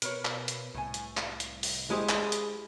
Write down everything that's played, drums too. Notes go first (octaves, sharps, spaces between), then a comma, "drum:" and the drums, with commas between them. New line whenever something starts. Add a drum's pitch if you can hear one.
B2 A#4 B4 C#5, drum: hi-hat
drum: clap
drum: hi-hat
C2 A2 G#5
drum: hi-hat
drum: clap
drum: hi-hat
drum: open hi-hat
G#3 E4 G4 G#4 C5 D#5
drum: clap
drum: hi-hat